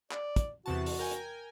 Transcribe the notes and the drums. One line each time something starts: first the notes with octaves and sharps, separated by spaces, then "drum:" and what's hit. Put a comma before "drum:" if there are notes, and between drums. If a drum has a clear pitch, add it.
D5, drum: clap
drum: kick, hi-hat
E2 C3 F#4 A5
drum: open hi-hat
A#4 G5 G#5
drum: hi-hat